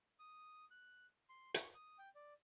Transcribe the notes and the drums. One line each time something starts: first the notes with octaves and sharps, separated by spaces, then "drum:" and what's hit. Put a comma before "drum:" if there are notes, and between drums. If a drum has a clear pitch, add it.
D#6
F#6
C6
C#6, drum: hi-hat
D#6
G5
D5